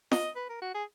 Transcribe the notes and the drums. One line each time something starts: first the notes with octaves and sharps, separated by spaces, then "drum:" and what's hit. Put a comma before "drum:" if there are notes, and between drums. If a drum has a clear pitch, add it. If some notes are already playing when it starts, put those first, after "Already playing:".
D#5, drum: snare F4
B4
A#4
F#4
G#4